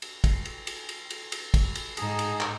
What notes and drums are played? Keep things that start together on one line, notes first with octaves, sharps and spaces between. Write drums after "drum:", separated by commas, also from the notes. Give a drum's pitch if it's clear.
drum: cymbal
drum: kick, cymbal
drum: cymbal
drum: cymbal
drum: cymbal
drum: cymbal
drum: cymbal
drum: kick, cymbal
drum: cymbal
G#2 D#4 G#4 A5, drum: cymbal
drum: cymbal
drum: clap